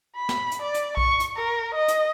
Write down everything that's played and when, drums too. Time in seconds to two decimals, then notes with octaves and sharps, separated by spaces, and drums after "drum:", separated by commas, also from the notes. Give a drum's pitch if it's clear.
0.16 B5
0.29 drum: snare
0.52 drum: hi-hat
0.62 D5
0.74 drum: hi-hat
0.97 C#6, drum: kick B1
1.20 drum: hi-hat
1.37 A#4
1.74 D#5
1.88 drum: hi-hat